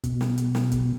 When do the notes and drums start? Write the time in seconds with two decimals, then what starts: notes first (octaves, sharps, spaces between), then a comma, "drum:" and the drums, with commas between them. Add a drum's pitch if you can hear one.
0.04 B2, drum: kick, hi-hat
0.21 drum: snare
0.38 drum: hi-hat
0.55 drum: snare
0.72 drum: kick, hi-hat